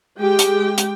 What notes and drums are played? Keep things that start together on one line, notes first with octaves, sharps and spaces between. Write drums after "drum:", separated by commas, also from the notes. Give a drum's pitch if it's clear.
G#3 G4 G5
drum: hi-hat
drum: hi-hat